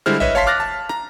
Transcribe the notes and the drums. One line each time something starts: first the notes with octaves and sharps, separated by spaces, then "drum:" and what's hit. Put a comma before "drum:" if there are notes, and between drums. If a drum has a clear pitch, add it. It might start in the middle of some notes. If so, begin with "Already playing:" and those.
D3 G3 G#3 E4 C5 F6
B4 C#5 D#5 E5, drum: tom
C#5 F5 A5 C6 B6 C7
D6 F6 F#6 A6 A#6
A5
A#5, drum: rim click